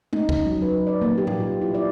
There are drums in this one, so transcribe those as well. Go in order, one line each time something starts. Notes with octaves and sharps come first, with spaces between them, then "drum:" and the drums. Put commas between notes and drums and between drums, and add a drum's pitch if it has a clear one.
D#4, drum: tom G#3
C#3, drum: kick
F#3
B4
D5
A#3
G4
drum: tom A2
F4
E4
D5